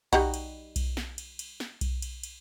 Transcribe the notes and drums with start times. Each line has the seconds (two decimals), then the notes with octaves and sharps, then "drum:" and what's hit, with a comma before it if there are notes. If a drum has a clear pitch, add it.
0.13 G3 D#4 F#4, drum: kick B1, cymbal
0.34 drum: cymbal
0.76 drum: kick B1, cymbal
0.97 drum: snare
1.18 drum: cymbal
1.39 drum: cymbal
1.60 drum: snare
1.81 drum: kick B1, cymbal
2.02 drum: cymbal
2.24 drum: cymbal